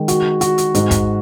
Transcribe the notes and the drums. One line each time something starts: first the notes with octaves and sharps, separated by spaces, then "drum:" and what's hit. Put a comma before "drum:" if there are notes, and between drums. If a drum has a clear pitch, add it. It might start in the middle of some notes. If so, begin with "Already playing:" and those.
Already playing: D#3 G#3
F#4, drum: hi-hat
F#4, drum: hi-hat
drum: hi-hat
G#2, drum: hi-hat
drum: kick, hi-hat